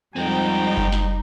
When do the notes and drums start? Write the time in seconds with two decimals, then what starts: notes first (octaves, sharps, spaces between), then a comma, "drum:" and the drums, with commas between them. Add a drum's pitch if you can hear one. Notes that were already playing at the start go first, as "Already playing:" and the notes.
0.16 F2 G3 G#3 C4 D#4 G5
0.77 drum: kick F#1
0.92 drum: snare